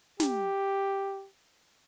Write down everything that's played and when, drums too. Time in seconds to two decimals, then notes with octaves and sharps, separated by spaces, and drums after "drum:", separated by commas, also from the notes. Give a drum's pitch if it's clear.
0.20 G4, drum: snare